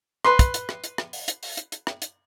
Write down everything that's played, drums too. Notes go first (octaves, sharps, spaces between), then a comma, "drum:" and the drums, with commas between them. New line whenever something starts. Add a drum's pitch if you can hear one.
B4 C6, drum: rim click
drum: kick, hi-hat
drum: hi-hat
drum: rim click
drum: hi-hat
drum: rim click
drum: open hi-hat
drum: hi-hat
drum: open hi-hat
drum: hi-hat
drum: hi-hat
drum: rim click
drum: hi-hat